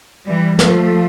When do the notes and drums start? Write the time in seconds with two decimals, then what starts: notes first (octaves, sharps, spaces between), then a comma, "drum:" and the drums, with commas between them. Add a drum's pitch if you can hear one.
0.27 E3 G3
0.59 F3 A3, drum: snare